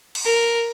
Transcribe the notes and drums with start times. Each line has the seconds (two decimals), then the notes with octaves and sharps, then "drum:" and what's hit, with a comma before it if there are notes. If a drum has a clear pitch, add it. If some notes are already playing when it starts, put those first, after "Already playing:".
0.15 drum: cymbal
0.25 A#4